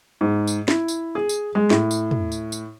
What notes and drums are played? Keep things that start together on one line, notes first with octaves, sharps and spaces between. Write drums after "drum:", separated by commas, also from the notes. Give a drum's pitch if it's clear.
G#2
drum: tambourine
E4, drum: snare
drum: tambourine
G#4
drum: tambourine
G#3
A2, drum: snare
drum: tambourine
drum: tom
drum: tambourine
drum: tambourine